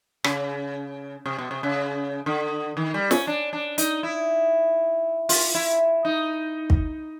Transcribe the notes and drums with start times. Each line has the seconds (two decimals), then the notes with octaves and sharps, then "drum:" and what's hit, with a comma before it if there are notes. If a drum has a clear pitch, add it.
0.24 C#3, drum: rim click
1.26 C3
1.39 B2
1.51 C3
1.63 C#3
2.26 D3
2.77 D#3
2.94 G3
3.11 C#4, drum: snare
3.27 D4
3.53 D4
3.78 D#4, drum: hi-hat
4.03 E4
5.29 F4, drum: open hi-hat
5.55 E4
6.05 D#4
6.70 drum: kick